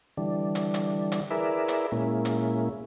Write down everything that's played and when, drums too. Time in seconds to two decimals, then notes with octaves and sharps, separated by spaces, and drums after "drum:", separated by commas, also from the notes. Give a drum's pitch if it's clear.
0.17 D3 E3 G3 D4
0.55 drum: hi-hat
0.74 drum: hi-hat
1.12 drum: hi-hat
1.31 E4 G#4 A#4 B4 D5 E5
1.68 drum: hi-hat
1.92 A#2 G#3 A#3 C#4 E4
2.25 drum: hi-hat